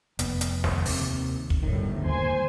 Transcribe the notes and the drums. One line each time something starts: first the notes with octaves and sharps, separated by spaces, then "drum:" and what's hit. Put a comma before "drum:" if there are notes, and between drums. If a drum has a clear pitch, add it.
F1 B3, drum: hi-hat
drum: hi-hat
drum: snare
D#2 C3 D#3, drum: open hi-hat
drum: kick
G1 D2 A2 D#3
D#2 C5 G#5 C6